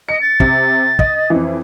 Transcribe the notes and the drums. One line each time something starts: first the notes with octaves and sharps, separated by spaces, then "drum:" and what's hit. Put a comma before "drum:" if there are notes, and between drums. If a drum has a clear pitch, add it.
D#5 C#7
A6
C3, drum: kick
D#5, drum: kick
F2 E3